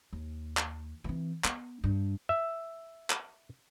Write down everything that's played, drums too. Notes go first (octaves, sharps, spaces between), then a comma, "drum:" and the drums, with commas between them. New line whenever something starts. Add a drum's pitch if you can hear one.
D#2
drum: clap
E3 C4
B3, drum: clap
G2
E5
drum: clap